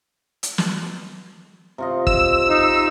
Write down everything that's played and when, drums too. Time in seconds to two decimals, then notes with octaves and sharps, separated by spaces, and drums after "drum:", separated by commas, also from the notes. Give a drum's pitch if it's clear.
0.43 drum: hi-hat
0.58 drum: snare
1.78 C3 F4 D#5
2.07 E6, drum: kick
2.50 D#4